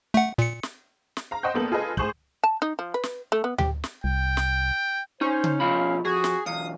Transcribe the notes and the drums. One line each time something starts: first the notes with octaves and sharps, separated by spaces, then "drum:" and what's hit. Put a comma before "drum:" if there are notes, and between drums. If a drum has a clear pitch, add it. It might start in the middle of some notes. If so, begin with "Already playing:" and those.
A3 F#5
A#2 C#7
drum: snare
drum: snare
F5 A#5
C5 D#5 F#5 G5 C#6 G6
A#1 A#3 B3 A4 F#7
F4 G#4 A4 B4 D#5
A2 G#4 C5 C#6 G6 F#7, drum: kick
A5
D#4
F3
B4
drum: snare
A3
B3
G4, drum: tom D2
drum: snare
C2 G5
drum: snare
C#4 D#4 C5
drum: tom C#3
B2 F3 F5 B5
F2 F#4 G#4
drum: snare
B1 E2 F5 D#6